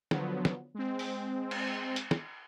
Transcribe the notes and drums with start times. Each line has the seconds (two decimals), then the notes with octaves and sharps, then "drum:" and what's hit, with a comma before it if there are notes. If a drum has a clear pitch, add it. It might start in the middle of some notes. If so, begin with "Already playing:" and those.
0.11 D3 F3 F#3 B3, drum: snare
0.45 drum: snare
0.74 G#3 C4
0.99 drum: open hi-hat
1.51 drum: cymbal
1.96 drum: hi-hat
2.11 drum: snare